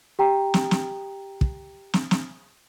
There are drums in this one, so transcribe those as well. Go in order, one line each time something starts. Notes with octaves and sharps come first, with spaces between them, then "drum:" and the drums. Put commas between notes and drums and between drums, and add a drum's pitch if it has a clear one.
G4 G5 A#5
drum: snare
drum: snare
drum: kick
drum: snare
drum: snare